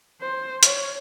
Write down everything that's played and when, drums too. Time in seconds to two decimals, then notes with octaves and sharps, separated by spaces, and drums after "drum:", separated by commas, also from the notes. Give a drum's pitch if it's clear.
0.21 C5
0.63 C#5, drum: hi-hat